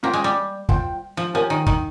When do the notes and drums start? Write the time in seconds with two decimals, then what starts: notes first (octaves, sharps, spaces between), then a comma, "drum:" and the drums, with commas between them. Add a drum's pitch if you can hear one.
0.03 A#3 C#4 F4 C5 G5
0.14 G#3
0.24 G3
0.69 F4 C5 G5, drum: kick
1.17 F3
1.34 F3 G4 A#4 C#5 G#5
1.50 D#3
1.67 D#3, drum: kick